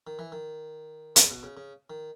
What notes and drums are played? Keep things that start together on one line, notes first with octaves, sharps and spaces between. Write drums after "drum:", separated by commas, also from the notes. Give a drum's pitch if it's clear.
D#3
E3
D#3
C#3, drum: hi-hat
B2
C#3
C#3
D#3